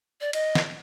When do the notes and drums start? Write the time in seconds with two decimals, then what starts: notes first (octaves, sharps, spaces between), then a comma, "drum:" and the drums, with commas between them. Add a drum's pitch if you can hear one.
0.21 D5
0.33 D#5, drum: cymbal
0.55 drum: snare